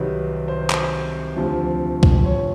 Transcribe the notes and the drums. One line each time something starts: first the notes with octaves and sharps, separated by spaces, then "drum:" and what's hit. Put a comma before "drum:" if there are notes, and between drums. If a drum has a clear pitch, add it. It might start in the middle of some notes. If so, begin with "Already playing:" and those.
Already playing: C2 C3 D#3 F#3 B4
C5
drum: clap
D2 C3 F3
drum: kick B1
C#5